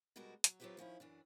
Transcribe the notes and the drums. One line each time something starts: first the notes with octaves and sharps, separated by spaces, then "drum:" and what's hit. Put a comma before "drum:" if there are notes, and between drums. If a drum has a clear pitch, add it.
B2 G3 G#3 F#4 A#4
F#3, drum: hi-hat
F#3 C4 F4 G4 B4 E5
D#3 F3 C#4 E4
F#2 E3 D4